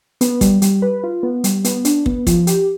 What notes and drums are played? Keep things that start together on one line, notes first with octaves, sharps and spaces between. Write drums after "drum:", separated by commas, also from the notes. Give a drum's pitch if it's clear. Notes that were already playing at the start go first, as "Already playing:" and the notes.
B3, drum: hi-hat
G3, drum: kick, hi-hat
G3, drum: hi-hat
B4
F4
B3
G3, drum: hi-hat
B3, drum: hi-hat
D4, drum: hi-hat
B3, drum: kick
F3, drum: kick, hi-hat
G4, drum: hi-hat